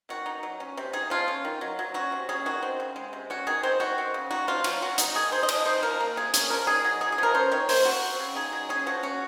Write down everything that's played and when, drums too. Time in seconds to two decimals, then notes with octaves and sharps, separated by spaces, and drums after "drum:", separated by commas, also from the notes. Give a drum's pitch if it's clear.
0.09 D#3 F#4
0.26 D#4
0.43 F#3
0.60 C#4
0.77 C3
0.93 D#4 G#4
1.10 F3 F4
1.28 C#4
1.45 D#3
1.61 F#3
1.79 F#3
1.94 C#4 F#4
2.12 C3
2.29 C#4 G#4
2.46 D#3 F#4
2.63 C4
2.80 C#3
2.96 G#3
3.13 C3
3.30 C#4 F#4
3.47 D#3 G#4
3.63 C4 C5
3.80 D#3 F#4
3.98 C4
4.14 C#3
4.30 D#4 F#4
4.48 F3 F4
4.64 F#3 F4, drum: cymbal
4.82 F#3 F#4
4.98 D#4, drum: hi-hat
5.15 D#3 G#4
5.32 D#4 C5
5.43 D#5
5.49 F3, drum: cymbal
5.55 D#5
5.66 D#4 C5
5.83 F3 A#4
6.00 A#3
6.16 C3 G#4
6.34 C#4 G#4, drum: hi-hat
6.50 F3 A#4
6.67 D#4 G#4
6.84 F#3
7.01 D#4 G#4
7.12 G#4
7.18 F3 A#4
7.34 C#4 C5
7.51 D#3 C#5
7.69 A#3 C5, drum: open hi-hat
7.85 C3 F#4
8.03 C4
8.19 C#3
8.35 D#4 G#4
8.53 F#3
8.69 C#4 G#4
8.86 F3 F#4
9.03 C#4 F#4